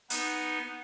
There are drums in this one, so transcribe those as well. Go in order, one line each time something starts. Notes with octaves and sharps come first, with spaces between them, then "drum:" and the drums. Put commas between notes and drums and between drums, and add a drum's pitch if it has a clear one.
B3 D#4 B4, drum: hi-hat